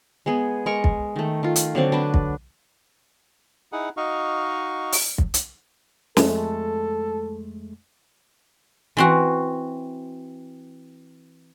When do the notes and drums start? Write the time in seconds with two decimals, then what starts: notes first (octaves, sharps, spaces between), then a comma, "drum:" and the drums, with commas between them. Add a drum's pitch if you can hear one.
0.26 G#3 B3 G#4
0.66 G#3 A#4 C#6
0.84 drum: kick
1.16 D#3 A3
1.43 D#3 F4
1.56 drum: hi-hat
1.75 D3 F#3 C4 D5
1.92 D4 B4 A5
2.14 drum: kick
3.72 D#4 E4 G#4 F#5
3.97 D#4 F#4 D#5 F5 C#6
4.92 drum: open hi-hat
5.18 drum: kick
5.34 drum: hi-hat
6.17 F2 G#3 A3 A4, drum: snare
8.97 E3 C4 F#4